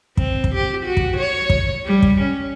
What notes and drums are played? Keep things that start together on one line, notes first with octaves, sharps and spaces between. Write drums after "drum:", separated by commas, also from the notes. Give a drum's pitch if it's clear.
C4, drum: kick
drum: kick
G4
F#4
drum: kick
C#5
drum: kick
G3
drum: kick
C#4